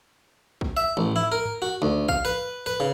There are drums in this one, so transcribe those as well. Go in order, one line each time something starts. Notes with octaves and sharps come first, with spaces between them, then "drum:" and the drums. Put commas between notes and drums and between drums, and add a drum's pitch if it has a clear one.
drum: kick B1
E5
A1
E4
A#4
drum: tom G2
F#4
D2
F5, drum: kick B1
B4
B4
C#3